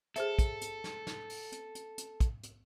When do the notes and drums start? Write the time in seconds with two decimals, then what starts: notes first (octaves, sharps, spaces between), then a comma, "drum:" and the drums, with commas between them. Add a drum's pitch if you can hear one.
0.16 G#4 A4 C5 E5, drum: hi-hat
0.39 drum: kick, hi-hat
0.61 drum: hi-hat
0.84 drum: snare
1.07 drum: snare
1.30 drum: open hi-hat
1.52 drum: hi-hat
1.75 drum: hi-hat
1.98 drum: hi-hat
2.20 drum: kick, hi-hat
2.43 drum: hi-hat